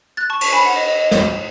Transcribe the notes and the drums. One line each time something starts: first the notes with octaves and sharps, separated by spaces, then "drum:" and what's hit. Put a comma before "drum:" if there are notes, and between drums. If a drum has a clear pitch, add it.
F#6 A6
A5 C#6
A5 C#6, drum: cymbal
G#5 B5
F#5
D#5
D#5
D#5
C#5, drum: snare